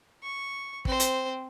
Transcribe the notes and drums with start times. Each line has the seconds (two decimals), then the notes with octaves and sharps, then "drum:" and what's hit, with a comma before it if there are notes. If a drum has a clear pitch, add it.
0.23 C#6
0.85 C4 C5, drum: kick
1.00 drum: hi-hat